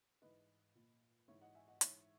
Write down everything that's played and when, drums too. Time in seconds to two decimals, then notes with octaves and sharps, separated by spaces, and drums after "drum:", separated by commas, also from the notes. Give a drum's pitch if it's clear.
0.22 G#2 E3 B4 D#5
0.75 A#2
1.28 G#2 E3 C#5 E5
1.41 D#5 F#5
1.55 E5 G#5
1.68 D#5 F#5
1.81 G#2 E3 C#5 E5, drum: hi-hat